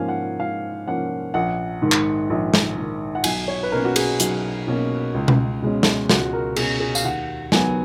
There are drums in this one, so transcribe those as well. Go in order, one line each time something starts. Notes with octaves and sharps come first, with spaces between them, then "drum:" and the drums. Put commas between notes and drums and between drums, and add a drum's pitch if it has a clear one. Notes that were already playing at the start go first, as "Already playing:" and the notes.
Already playing: G#2 F3 A#3 C#4 F5 G#5
F#5
G#2 F5
F3 A#3 C#4 F#5
A#1 F#5
G#2 D#3
drum: clap
A#1
drum: snare
G#2 D#3
F#5
B1 G#5, drum: cymbal
C#5
B4
B2 A#3 C#4 A#4
F#4
G#4, drum: cymbal
B1, drum: hi-hat
B2 A#3 C#4
C#2
drum: tom B2
B2 G#3 C#4
drum: snare
C#2 F#4, drum: snare
A#4
B2 G#3 C#4 G#4, drum: cymbal
G#4
F5, drum: tambourine
D#2 F#5
D#3 F#3 B3 G#5, drum: snare